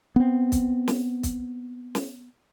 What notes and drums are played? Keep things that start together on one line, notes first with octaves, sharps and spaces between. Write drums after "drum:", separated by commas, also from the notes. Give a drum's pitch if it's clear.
B3 C4
drum: kick, hi-hat
drum: snare
drum: kick, hi-hat
drum: snare